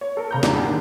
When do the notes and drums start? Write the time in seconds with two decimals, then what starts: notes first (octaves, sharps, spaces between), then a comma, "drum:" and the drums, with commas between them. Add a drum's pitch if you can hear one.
0.01 C#5
0.17 A4 A#4
0.31 C#3 A#5 G6
0.43 E2 G#2 E3 G3 G#3 D4, drum: snare
0.64 F#1 D3 D#3